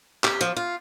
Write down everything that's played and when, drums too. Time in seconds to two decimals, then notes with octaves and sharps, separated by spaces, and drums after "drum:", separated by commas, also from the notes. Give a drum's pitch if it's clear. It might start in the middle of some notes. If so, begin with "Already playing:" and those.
0.24 G4, drum: clap
0.41 F3, drum: hi-hat
0.57 F4